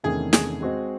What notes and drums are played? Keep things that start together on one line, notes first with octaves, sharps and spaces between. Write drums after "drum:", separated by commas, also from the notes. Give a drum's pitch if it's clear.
E2 C3 D#3 A3 C#4 G#4
G#4, drum: snare
G#3 C4 F#4 C5 D#5